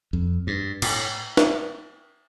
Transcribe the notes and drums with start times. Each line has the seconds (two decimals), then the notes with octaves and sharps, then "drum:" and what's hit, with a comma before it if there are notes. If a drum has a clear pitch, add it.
0.13 F2
0.47 G2
0.82 A2, drum: cymbal
1.37 drum: snare